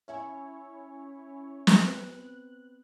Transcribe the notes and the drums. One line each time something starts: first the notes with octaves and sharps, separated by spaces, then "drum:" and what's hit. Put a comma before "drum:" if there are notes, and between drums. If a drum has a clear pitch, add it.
C#4 E4 C#5 E5 G#5
drum: snare
B3 C4 F#6